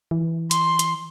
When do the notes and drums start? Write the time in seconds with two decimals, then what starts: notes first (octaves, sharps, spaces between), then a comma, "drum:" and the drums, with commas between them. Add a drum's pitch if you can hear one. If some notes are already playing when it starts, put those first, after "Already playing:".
0.11 E3
0.51 C6, drum: hi-hat
0.79 drum: hi-hat